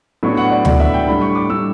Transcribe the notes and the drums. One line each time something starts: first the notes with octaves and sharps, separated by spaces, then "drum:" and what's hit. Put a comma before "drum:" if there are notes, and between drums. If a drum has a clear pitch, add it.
A2 F#3 B3 D4 C#6
F#5
D5
A2 F#3 B3 D4 D5, drum: tom D2
E5
G5
A2 G3 D4 B5
C#6
D6
A2 G3 D4 E6